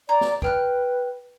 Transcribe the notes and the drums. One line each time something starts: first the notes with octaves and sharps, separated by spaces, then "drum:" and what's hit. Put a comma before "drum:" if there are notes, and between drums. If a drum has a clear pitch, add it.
D5 A#5
drum: snare
B4 G5 F6 F#6, drum: kick D2